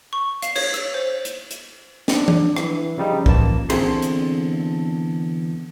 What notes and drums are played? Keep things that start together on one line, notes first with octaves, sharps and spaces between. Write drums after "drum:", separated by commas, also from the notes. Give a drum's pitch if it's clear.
C#6
F5, drum: hi-hat
C#5, drum: cymbal
E6, drum: hi-hat
C5
drum: hi-hat
drum: hi-hat
D4, drum: snare
drum: tom
E3, drum: rim click
C#3 F3 G3 D#4
A1 A#3 A5, drum: kick
E2 D3 C4 G#4 A4 C6, drum: cymbal
drum: hi-hat